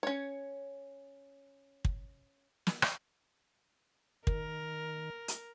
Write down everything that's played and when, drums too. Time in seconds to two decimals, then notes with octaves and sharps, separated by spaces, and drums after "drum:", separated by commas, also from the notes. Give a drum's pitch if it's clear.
0.03 C#4 C#5
1.85 drum: kick
2.67 drum: snare
2.82 drum: rim click
4.27 D#3 A#4, drum: kick
5.28 drum: hi-hat